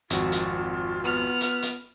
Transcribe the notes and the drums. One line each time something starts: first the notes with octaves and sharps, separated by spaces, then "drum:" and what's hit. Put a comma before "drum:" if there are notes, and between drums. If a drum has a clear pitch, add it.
G#1 F2 F4 F#4, drum: hi-hat
drum: hi-hat
B3 F6
drum: hi-hat
drum: hi-hat